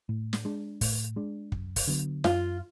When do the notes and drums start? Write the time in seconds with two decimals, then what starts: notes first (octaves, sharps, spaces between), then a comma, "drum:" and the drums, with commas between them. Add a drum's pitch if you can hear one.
0.09 A2
0.33 drum: snare
0.45 G#3 D4
0.81 A2, drum: kick, open hi-hat
1.16 G#3 D4
1.52 F#2, drum: kick
1.76 drum: kick, open hi-hat
1.87 D3 F#3 B3
2.24 F#2 F4, drum: snare